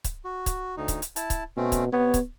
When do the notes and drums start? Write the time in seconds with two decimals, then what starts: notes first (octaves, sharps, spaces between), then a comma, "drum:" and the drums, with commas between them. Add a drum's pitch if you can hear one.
0.04 drum: kick C#1, hi-hat
0.25 F#4
0.46 drum: kick C#1, hi-hat
0.77 D2 D#4
0.88 drum: kick C#1, hi-hat
1.02 drum: hi-hat
1.16 E4 A5, drum: hi-hat
1.30 drum: kick C#1, hi-hat
1.57 B2 A3 C4 C#4
1.72 drum: kick C#1, hi-hat
1.93 C3 B3 C#5
2.14 drum: kick C#1, hi-hat